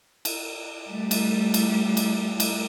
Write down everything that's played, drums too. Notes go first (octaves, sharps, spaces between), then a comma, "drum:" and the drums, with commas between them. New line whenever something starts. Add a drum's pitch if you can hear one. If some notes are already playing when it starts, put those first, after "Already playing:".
drum: cymbal
G3 A3
drum: cymbal
drum: cymbal
drum: cymbal
drum: cymbal